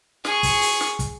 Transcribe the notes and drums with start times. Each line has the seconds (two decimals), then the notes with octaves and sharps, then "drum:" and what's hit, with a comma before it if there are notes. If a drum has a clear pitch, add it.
0.25 G#4 C#6, drum: snare
0.43 drum: kick, open hi-hat
0.62 drum: open hi-hat
0.81 drum: snare
0.99 drum: kick, hi-hat